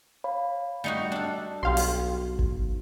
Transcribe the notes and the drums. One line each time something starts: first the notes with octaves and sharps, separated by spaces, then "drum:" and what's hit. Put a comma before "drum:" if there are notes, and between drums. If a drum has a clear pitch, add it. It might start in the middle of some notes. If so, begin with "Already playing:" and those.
C#5 F5 B5
G3 A3 D#4 F#4 C#7
D4 A4
B1 F#4 G4 F5 C6
drum: open hi-hat
drum: kick G1